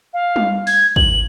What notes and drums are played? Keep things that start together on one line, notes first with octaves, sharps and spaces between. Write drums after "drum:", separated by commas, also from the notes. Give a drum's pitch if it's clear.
F5
drum: tom G3
G#6, drum: open hi-hat
F#7, drum: kick